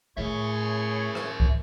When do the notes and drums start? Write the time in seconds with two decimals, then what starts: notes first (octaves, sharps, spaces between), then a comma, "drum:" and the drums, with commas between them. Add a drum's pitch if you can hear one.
0.17 A2 E4 G#4 A#4 C#5 E5
1.15 drum: rim click
1.40 drum: kick